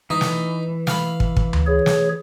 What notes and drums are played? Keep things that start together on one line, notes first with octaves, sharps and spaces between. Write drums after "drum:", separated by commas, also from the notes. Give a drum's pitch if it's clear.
E3 D#4
drum: snare
F5 B5, drum: snare
drum: kick
drum: kick
drum: tom D2
G#4 C#5
drum: snare